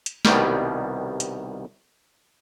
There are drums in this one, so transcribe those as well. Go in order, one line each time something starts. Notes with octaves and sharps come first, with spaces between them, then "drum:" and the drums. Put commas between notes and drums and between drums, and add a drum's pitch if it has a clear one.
drum: hi-hat
C2 B2 D#3 G3, drum: snare
drum: hi-hat